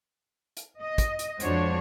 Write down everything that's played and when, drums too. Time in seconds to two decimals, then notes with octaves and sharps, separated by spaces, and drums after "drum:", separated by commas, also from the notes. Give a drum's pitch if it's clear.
0.57 drum: hi-hat
0.81 D#5
0.98 drum: kick, hi-hat
1.19 drum: hi-hat
1.40 F2 G#3 D4 F#4 C5 C#5, drum: hi-hat